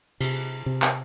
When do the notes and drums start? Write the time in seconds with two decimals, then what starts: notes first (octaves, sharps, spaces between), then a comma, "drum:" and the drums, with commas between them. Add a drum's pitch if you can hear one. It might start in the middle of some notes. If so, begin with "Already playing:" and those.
0.20 C3, drum: cymbal
0.66 C3
0.82 drum: clap